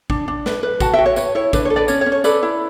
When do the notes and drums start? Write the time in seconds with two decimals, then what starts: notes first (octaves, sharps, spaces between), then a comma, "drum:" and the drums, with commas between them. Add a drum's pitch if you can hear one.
0.10 D4, drum: kick
0.28 D4
0.46 B4, drum: snare
0.63 B4
0.80 F#4 F#5 A5, drum: kick, tambourine
0.93 F#4 E5 G5
1.06 C#5
1.16 B4 C#5, drum: tambourine
1.35 E4 C#5
1.53 D4 B4, drum: kick, tambourine
1.65 C#5
1.70 A4
1.76 B4 D5
1.88 C#4 C#5, drum: tambourine
2.01 C#5
2.06 C#4
2.12 C#5
2.24 A4 B4 D5, drum: tambourine
2.43 E4